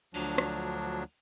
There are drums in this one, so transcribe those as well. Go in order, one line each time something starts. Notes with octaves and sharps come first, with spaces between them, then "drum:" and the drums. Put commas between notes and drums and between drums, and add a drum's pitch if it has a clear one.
D2 F3 F#3 D4, drum: cymbal
drum: rim click